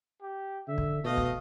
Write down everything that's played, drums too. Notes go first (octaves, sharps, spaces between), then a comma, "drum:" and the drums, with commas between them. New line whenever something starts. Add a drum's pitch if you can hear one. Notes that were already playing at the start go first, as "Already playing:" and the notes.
G4
D3 E5
drum: kick
B2 A3 D#5 F5
drum: kick